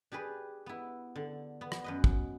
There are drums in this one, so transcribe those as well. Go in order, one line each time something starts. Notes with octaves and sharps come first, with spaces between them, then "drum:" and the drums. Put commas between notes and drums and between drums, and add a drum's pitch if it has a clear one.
D4 G4 G#4 B4
B3 E4
D3
B3
drum: rim click
F#2 B4 D#5
drum: kick